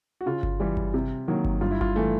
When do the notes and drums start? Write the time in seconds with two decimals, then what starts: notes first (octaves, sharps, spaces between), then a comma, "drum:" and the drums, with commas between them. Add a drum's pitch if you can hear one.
0.21 F#4
0.26 C#3 F4
0.43 drum: kick G1
0.60 E3 G3
0.77 drum: kick G1
0.94 C3
1.28 D#3 F#3 A#3
1.45 drum: kick G1
1.61 G2 F4
1.71 E4
1.81 F4, drum: kick G1
1.96 E3 A3